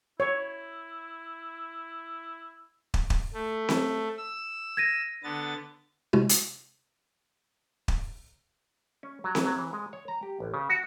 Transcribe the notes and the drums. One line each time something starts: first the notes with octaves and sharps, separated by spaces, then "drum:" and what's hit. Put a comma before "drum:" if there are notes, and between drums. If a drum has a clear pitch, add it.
E4 C#5
drum: kick
drum: kick
A3
drum: snare C4
E6
G#6 A#6 D#7
D3 B3 A6
C3 G#3 E4 F#4
drum: hi-hat
drum: kick
C#4
F#3
drum: snare C4
F#3
E3
G#3
C#5
A#5
G4
A1
C#3
F#4